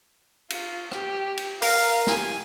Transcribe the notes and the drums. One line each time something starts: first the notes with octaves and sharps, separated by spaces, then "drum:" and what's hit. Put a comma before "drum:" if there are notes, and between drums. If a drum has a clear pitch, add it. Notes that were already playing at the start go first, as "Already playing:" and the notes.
F4, drum: cymbal
G4, drum: rim click
drum: cymbal
A#4 F5, drum: open hi-hat
G4 G#5, drum: snare